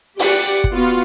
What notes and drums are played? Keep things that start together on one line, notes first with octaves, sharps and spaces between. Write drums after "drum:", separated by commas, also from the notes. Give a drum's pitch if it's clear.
G4 D5 F#5, drum: open hi-hat
drum: kick
B3 F4 F#4